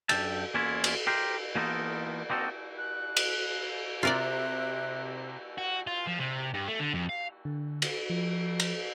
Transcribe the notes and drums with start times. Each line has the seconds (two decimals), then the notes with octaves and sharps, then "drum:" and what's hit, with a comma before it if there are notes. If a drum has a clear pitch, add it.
0.09 F#2 E3 D4 G4 E5 A5, drum: cymbal
0.54 E2 A#3 C#4 E4 F4 C#5
0.84 drum: cymbal
1.07 G4 A#4 C5
1.56 E3 A#3 B3 D#4 F4 A4
2.30 A#3 C4 D#4 F#4 A4
2.78 F#6
3.17 drum: cymbal
4.03 C3 F4 A#4 D5 E5 F#6
5.58 F#4
5.87 F4
6.07 F3
6.19 C3
6.54 G2
6.68 A3
6.79 D3
6.94 F2
7.09 F5
7.45 D3
7.82 drum: cymbal
8.10 F3
8.60 drum: cymbal